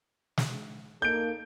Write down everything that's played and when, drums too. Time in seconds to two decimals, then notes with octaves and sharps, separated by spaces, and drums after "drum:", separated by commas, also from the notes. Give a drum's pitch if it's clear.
0.38 drum: snare
1.02 A#3 D#4 A4 G6 D7